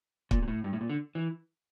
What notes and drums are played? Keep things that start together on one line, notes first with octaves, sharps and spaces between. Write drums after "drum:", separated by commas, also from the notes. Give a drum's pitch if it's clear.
A#2, drum: kick
A#2
A2
G2
A2
A#2
D3
E3